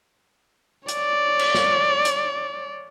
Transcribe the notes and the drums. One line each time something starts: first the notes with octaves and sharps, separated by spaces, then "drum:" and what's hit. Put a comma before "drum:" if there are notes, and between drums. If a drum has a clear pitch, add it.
C#5 D5, drum: hi-hat
drum: cymbal
drum: snare
drum: hi-hat